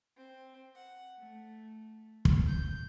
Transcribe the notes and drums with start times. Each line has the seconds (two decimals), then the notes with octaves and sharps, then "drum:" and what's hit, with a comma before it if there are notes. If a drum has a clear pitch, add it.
0.18 C4
0.76 F#5
1.19 A3
2.25 drum: kick
2.48 G6